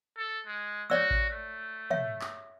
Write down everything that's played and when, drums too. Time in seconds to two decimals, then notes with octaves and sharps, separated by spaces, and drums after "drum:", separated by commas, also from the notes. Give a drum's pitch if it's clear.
0.18 A4
0.46 G#3
0.90 F#4 C#5 D5 E6
1.11 drum: kick A1
1.30 A3
1.90 C#5 E5, drum: tom
2.21 drum: clap